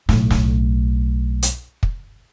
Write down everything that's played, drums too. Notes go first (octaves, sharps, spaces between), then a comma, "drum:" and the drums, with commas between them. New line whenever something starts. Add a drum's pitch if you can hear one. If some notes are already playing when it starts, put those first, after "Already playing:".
B1 A2, drum: snare
drum: snare
drum: hi-hat
drum: kick